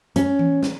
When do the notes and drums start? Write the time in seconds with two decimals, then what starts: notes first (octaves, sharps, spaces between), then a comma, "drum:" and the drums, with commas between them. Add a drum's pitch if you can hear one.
0.16 C#4, drum: hi-hat
0.39 drum: tom E3
0.63 drum: snare